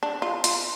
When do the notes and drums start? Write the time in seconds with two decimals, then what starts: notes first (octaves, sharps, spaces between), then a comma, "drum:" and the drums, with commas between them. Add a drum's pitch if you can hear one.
0.03 D4
0.22 F4
0.44 F4, drum: hi-hat